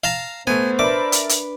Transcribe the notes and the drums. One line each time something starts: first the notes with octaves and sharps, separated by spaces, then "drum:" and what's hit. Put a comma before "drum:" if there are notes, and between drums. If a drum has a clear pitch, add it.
F5 A5 A#5
A3 B3 C5 G#5
D4 A#4 B4 D5 E5 D6
drum: hi-hat
drum: hi-hat